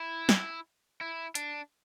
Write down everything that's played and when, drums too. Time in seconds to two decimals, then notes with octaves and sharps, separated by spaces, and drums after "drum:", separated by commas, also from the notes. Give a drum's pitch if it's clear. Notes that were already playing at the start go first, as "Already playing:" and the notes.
Already playing: E4
0.29 drum: snare
1.01 E4
1.35 D4, drum: hi-hat